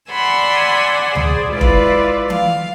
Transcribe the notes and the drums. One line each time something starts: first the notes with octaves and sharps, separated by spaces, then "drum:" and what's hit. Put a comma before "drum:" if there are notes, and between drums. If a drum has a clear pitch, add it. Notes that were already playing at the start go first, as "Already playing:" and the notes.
D5 F#5 G#5 B5 C6 E6
G#4 C5 D5, drum: tom D2
G#3 E4 F4 B4 D5
drum: kick F1
F5, drum: tom E3